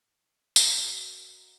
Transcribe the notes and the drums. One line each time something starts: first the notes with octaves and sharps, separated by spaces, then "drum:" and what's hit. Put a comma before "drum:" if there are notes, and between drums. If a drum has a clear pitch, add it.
F#4 A#4 D#5, drum: tambourine